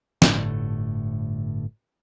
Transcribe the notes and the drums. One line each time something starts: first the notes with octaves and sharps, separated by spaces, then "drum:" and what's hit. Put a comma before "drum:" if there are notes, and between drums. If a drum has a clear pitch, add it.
G1 A2 D3 A3, drum: snare